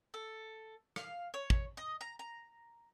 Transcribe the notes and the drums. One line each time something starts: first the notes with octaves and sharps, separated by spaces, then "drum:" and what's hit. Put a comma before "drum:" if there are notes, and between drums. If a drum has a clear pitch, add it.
A4
F5, drum: rim click
C#5
drum: kick
D#5
A#5
A#5